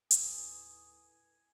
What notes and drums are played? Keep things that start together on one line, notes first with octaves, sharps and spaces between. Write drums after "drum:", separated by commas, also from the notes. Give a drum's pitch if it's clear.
D#2 A2 E4 A4 B4 G#5 D#6, drum: hi-hat